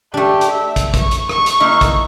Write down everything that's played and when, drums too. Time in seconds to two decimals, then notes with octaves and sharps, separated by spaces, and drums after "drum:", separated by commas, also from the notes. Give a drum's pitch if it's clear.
0.14 A3 D4 G4
0.41 drum: hi-hat
0.51 E5
0.76 drum: kick, hi-hat
0.94 C#6, drum: kick, hi-hat
1.11 drum: hi-hat
1.29 C#6, drum: rim click
1.46 drum: hi-hat
1.60 A#3 D#4 E4
1.81 drum: kick, hi-hat